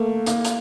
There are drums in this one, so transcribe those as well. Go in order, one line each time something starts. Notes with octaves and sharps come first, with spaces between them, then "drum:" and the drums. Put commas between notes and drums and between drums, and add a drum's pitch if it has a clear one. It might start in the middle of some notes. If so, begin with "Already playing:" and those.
Already playing: A3 A#3
A#3, drum: hi-hat
drum: hi-hat